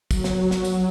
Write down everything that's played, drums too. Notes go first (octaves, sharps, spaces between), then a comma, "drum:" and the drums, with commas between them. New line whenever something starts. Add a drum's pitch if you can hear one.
F#3, drum: kick, tambourine
drum: snare
drum: snare
drum: tambourine